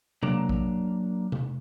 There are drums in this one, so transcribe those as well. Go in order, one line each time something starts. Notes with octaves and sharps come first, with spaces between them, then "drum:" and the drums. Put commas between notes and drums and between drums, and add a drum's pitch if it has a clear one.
F#3 A#3 D4 A#5, drum: tom C3
drum: kick A#1
drum: tom C3